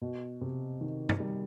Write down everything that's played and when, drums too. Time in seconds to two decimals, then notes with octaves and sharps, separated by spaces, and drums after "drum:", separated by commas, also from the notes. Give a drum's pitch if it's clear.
0.01 B2
0.41 C3
0.81 D#3
1.09 drum: tom
1.20 G3